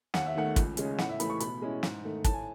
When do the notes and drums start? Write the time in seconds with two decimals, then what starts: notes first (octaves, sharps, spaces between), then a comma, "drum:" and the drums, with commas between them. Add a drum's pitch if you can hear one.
0.14 D#2 F#5, drum: snare
0.26 E5
0.35 D#3 A3 F#5
0.56 C#2, drum: kick, hi-hat
0.77 C#3 G#3 C#4, drum: hi-hat
0.98 A2 F#5, drum: snare
1.09 E5
1.20 E3 A3 B5, drum: hi-hat
1.30 C#6
1.40 B2 B5, drum: hi-hat
1.62 G#3 C#4 E4
1.83 G#2, drum: snare
2.04 D#3 A3
2.24 A2 A5, drum: kick, hi-hat
2.33 G#5